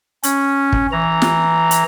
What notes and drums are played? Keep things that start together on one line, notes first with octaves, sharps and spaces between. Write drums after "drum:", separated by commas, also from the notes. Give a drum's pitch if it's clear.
C#4, drum: hi-hat
drum: kick
E3 A#5
drum: snare
drum: hi-hat